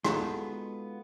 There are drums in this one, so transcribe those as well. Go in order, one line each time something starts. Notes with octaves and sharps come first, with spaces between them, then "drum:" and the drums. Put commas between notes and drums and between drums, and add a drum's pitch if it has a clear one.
G#3 B3 D#4 F4 F#4 A4, drum: rim click